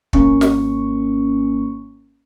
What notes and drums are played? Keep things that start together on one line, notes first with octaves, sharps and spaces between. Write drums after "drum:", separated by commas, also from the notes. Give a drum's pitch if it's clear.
G#1 A#3 C#4 C#6, drum: kick
drum: snare